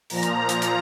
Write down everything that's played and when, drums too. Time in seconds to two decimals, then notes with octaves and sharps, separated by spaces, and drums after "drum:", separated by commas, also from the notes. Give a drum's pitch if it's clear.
0.10 A#2 F3 A#5, drum: open hi-hat
0.23 drum: hi-hat
0.49 drum: hi-hat
0.62 drum: hi-hat